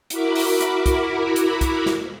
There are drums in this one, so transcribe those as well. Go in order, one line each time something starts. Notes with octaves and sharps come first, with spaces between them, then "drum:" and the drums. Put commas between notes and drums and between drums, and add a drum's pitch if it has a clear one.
E4 F#4 A#4 B5 D6, drum: hi-hat
drum: open hi-hat
drum: hi-hat
drum: kick, hi-hat
drum: hi-hat
drum: kick, hi-hat
drum: snare